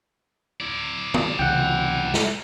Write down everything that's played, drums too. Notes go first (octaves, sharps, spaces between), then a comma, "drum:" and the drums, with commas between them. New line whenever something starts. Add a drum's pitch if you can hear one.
E4 D5
drum: tom
C#2 C3 E3 F#5 G5
drum: snare